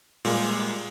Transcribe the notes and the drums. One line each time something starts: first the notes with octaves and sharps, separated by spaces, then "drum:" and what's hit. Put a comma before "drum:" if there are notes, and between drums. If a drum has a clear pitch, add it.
A#2 G3 G#3 A#3, drum: open hi-hat